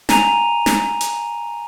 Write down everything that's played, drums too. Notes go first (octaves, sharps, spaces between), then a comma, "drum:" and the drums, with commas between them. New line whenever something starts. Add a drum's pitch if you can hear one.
G#5 A#5 D#7 F7, drum: snare
drum: snare
drum: hi-hat